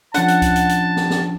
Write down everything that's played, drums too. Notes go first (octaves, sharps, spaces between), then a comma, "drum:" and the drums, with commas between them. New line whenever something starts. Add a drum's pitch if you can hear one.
F3 C#4 D4 F#5 A5, drum: hi-hat
drum: hi-hat
drum: kick C#2, hi-hat
drum: hi-hat
drum: hi-hat
drum: snare
drum: snare